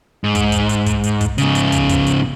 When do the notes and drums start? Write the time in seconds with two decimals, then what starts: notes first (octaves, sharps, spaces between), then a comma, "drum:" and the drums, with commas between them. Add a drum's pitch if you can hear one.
0.24 G#2
0.35 drum: kick, hi-hat
0.52 drum: kick, hi-hat
0.69 drum: hi-hat
0.86 drum: kick, hi-hat
1.04 drum: hi-hat
1.21 drum: kick, hi-hat
1.38 G#2 C#3, drum: hi-hat
1.55 drum: hi-hat
1.72 drum: kick, hi-hat
1.89 drum: kick, hi-hat
2.07 drum: hi-hat